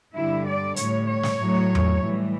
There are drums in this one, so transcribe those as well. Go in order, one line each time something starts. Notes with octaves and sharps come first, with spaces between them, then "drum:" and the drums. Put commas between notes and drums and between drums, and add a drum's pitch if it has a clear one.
G2 D3 G3 E4
D5
A2 G3 C#5, drum: hi-hat
C#5
drum: snare
A2 F#3
drum: tom E2
A2 E3 G3